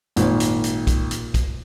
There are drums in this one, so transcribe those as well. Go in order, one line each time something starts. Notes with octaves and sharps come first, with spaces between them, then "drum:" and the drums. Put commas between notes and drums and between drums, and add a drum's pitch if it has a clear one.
G#1 A#2 C5, drum: hi-hat
drum: hi-hat
drum: hi-hat
drum: kick B1, hi-hat
drum: hi-hat
drum: kick B1, hi-hat